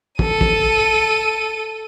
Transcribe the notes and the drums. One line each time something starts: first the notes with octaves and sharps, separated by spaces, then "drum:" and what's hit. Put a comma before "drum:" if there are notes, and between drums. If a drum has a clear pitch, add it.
A4 D#7, drum: kick
drum: kick